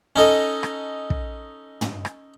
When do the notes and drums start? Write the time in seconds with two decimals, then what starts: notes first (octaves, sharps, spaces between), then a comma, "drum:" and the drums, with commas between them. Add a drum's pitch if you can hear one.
0.16 C#4 D#4 A4 D#5
0.63 drum: rim click
1.10 drum: kick
1.81 drum: tom
2.05 drum: rim click